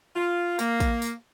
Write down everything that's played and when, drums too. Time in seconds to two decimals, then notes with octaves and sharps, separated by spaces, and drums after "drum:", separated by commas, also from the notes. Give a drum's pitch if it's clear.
0.16 F4
0.59 A#3, drum: tambourine
0.80 drum: kick, tambourine
1.02 drum: tambourine